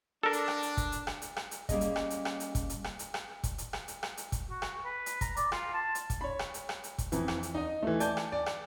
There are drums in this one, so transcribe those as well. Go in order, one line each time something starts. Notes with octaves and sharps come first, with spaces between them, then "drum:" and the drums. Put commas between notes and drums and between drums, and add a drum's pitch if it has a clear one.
D4 A4 A#4
drum: hi-hat
drum: rim click
drum: hi-hat
drum: kick, hi-hat
drum: hi-hat
drum: rim click
drum: hi-hat
drum: rim click
drum: hi-hat
G3 A#3 C#4 G#4 D#5, drum: kick, hi-hat
drum: hi-hat
drum: rim click
drum: hi-hat
drum: rim click
drum: hi-hat
drum: kick, hi-hat
drum: hi-hat
drum: rim click
drum: hi-hat
drum: rim click
drum: kick, hi-hat
drum: hi-hat
drum: rim click
drum: hi-hat
drum: rim click
drum: hi-hat
drum: kick, hi-hat
F#4
drum: rim click
B4
drum: hi-hat
A#5, drum: kick, hi-hat
D5, drum: hi-hat
F4, drum: rim click
A5
drum: hi-hat
drum: kick, hi-hat
C#5 B5
drum: rim click
drum: hi-hat
drum: rim click
drum: hi-hat
drum: kick, hi-hat
F2 E3, drum: hi-hat
drum: rim click
drum: hi-hat
D#4 D#5
E3 A3
D5 G#5 A5 G6, drum: hi-hat
drum: rim click
D5
drum: rim click